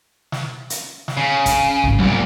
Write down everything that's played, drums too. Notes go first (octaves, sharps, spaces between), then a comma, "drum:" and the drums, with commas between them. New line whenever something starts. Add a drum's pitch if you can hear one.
drum: snare
drum: hi-hat
drum: snare
C#3
drum: kick, hi-hat
G#1 C#2
C2 A#2 F#3 G3 B3